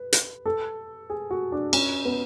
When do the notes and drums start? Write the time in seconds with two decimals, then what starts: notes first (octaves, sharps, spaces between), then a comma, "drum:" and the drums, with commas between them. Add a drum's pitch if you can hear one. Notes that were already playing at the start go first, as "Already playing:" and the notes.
Already playing: B4
0.13 drum: hi-hat
0.46 A4
1.10 G#4
1.31 F#4
1.52 D4
1.73 C#4, drum: cymbal
2.05 B3